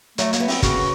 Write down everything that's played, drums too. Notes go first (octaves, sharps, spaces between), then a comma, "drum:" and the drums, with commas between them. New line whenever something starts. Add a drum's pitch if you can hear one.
F#3 A3, drum: hi-hat
A#3, drum: hi-hat
B3
C4, drum: open hi-hat
C#3 F#4, drum: kick, hi-hat